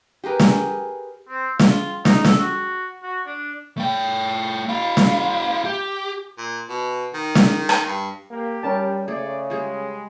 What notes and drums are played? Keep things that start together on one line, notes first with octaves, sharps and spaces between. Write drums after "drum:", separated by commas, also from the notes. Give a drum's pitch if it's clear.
G4 G#4 A#4 B4
drum: snare
C4
F4, drum: snare
D#4, drum: snare
A4, drum: snare
F#4
F#4
D4
A3 G5
E4 F5
drum: snare
G4
A#2
B2
D#3
drum: snare
drum: rim click
G2
A#3 G4
G3 C#4 A#4 A5
C#3 A3 G#4 D5
G3 G#3 G#4